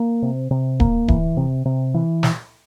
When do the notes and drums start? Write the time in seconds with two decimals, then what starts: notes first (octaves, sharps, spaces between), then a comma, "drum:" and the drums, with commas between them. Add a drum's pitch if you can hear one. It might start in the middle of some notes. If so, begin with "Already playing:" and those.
Already playing: A#3
0.22 C3
0.51 C3
0.80 A#3, drum: kick D1
1.08 E3, drum: kick D1
1.37 C3
1.65 C3
1.94 E3
2.23 drum: snare